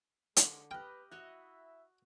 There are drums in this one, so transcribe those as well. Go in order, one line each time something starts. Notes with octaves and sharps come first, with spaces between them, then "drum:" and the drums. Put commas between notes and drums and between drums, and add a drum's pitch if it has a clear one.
D3 G#3, drum: hi-hat
G4 B4 D#5 G5 F6 F#6
E4 F#4 C#5 D#5 E5 F#6